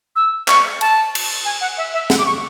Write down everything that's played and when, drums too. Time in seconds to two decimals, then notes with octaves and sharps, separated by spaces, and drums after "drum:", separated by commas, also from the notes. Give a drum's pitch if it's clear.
0.16 E6
0.48 C#6, drum: clap
0.81 A5, drum: cymbal
1.15 drum: cymbal
1.45 G#5
1.61 F#5
1.78 E5
1.94 E5
2.10 F#5, drum: snare
2.19 D6
2.26 C#6